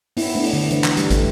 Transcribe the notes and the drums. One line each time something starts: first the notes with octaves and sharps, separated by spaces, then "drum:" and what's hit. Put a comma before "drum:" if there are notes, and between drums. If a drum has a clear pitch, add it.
B3 E4, drum: open hi-hat
A3 D4
drum: open hi-hat
D3
E3, drum: hi-hat
E3, drum: clap
G3, drum: hi-hat
A3, drum: kick, hi-hat